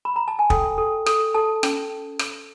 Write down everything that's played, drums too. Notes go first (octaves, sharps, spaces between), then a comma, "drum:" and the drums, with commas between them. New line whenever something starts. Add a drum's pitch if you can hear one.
B5
A#5
A5
G#5
A4 G5, drum: kick
A4
A4, drum: rim click
A4 A5
C#4, drum: rim click
drum: rim click